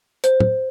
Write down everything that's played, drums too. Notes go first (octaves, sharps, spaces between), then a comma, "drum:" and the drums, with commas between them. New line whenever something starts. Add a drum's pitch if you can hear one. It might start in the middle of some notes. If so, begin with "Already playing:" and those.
C5, drum: hi-hat
drum: tom